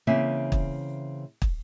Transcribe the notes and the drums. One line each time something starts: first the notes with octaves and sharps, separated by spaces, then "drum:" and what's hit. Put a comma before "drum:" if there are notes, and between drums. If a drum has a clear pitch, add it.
C#3 E3 A#3 C4 E5 G#5
drum: kick
drum: kick